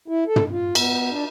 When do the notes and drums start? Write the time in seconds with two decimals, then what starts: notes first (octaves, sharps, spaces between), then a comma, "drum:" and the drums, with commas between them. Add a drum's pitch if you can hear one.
0.08 E4
0.27 A4
0.36 drum: tom
0.51 F4
0.75 B3, drum: cymbal
1.11 D4